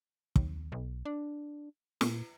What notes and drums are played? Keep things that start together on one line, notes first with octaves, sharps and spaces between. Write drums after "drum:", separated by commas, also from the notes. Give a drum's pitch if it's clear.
D#2, drum: kick
B1
D4
A#2, drum: snare